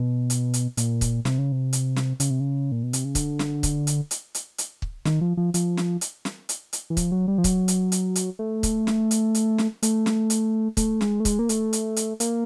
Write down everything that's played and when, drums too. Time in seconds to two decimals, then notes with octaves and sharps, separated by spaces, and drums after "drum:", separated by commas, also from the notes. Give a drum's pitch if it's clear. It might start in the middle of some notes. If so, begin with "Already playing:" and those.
Already playing: B2
0.30 drum: hi-hat
0.54 drum: hi-hat
0.77 A#2, drum: hi-hat
1.01 drum: kick, hi-hat
1.25 C3, drum: snare
1.38 C#3
1.52 C3
1.73 drum: hi-hat
1.96 drum: snare
2.20 C#3, drum: hi-hat
2.30 C3
2.40 C#3
2.72 A#2
2.83 B2
2.93 C3, drum: hi-hat
3.04 C#3
3.15 D3, drum: kick, hi-hat
3.39 drum: snare
3.63 drum: kick, hi-hat
3.87 drum: hi-hat
4.11 drum: hi-hat
4.35 drum: hi-hat
4.58 drum: hi-hat
4.82 drum: kick
5.05 D#3, drum: snare
5.21 F3
5.37 F3
5.54 F3, drum: hi-hat
5.77 drum: snare
6.01 drum: hi-hat
6.25 drum: snare
6.49 drum: hi-hat
6.73 drum: hi-hat
6.90 E3
6.97 F3, drum: kick, hi-hat
7.12 F#3
7.28 G3
7.38 F3
7.44 F#3, drum: kick, hi-hat
7.68 drum: hi-hat
7.92 drum: hi-hat
8.15 drum: hi-hat
8.39 A3
8.63 drum: kick, hi-hat
8.87 drum: snare
9.11 drum: hi-hat
9.35 drum: hi-hat
9.58 drum: snare
9.83 A3, drum: hi-hat
10.06 drum: snare
10.30 drum: hi-hat
10.77 A3, drum: kick, hi-hat
11.01 G#3, drum: snare
11.20 A3
11.25 G#3, drum: kick, hi-hat
11.39 A#3
11.49 A3, drum: hi-hat
11.73 drum: hi-hat
11.96 drum: hi-hat
12.20 A#3, drum: hi-hat